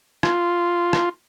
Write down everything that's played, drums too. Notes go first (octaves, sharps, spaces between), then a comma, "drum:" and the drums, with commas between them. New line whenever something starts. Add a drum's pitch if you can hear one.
F4, drum: rim click
drum: rim click